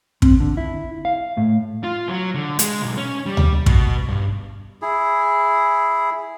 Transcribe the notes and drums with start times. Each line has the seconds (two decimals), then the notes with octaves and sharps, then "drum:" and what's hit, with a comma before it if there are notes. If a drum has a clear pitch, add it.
0.22 C4, drum: kick
0.40 D3
0.57 E4
1.05 F5
1.37 A2
1.83 F4
2.09 F#3
2.35 D3
2.59 G#3, drum: hi-hat
2.82 B1
2.97 C#4
3.26 G3
3.37 drum: tom D2
3.66 B2, drum: kick
4.08 G2
4.82 E4 G#4